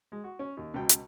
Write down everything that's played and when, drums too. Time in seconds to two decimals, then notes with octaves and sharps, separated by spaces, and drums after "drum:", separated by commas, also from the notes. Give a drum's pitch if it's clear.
0.12 G#3
0.24 F#4
0.39 C#4
0.57 D#2
0.74 C#2 B2 G5
0.89 drum: hi-hat